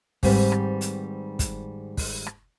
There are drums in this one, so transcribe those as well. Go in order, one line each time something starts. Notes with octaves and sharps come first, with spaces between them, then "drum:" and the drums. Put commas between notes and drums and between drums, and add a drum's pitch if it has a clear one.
G#2 D#3 G3 C4 B4, drum: kick, open hi-hat
drum: rim click
drum: hi-hat
drum: kick, hi-hat
drum: kick, open hi-hat
drum: rim click